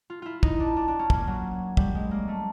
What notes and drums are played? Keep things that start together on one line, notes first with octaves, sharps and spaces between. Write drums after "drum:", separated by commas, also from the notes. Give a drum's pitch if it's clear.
F4
E4 F4
D#4, drum: kick
D4
D4
D4
C#4
A#3, drum: kick
F#3
G3, drum: kick
G#3
A#3
A3